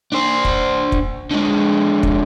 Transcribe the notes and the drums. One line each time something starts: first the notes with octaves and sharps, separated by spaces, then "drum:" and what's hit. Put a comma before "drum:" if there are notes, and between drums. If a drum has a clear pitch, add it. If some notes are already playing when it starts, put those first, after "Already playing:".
D4 C5
drum: kick
drum: kick
D3 G#3
drum: kick